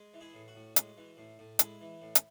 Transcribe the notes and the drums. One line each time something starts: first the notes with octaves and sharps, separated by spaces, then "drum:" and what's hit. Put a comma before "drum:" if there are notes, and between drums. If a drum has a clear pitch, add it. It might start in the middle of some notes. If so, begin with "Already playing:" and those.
Already playing: G#3
E3
E4 G#4
A2
F#4
A2
G#3, drum: hi-hat
E3
A2
A2
G#3 E4, drum: hi-hat
E3
A2
drum: hi-hat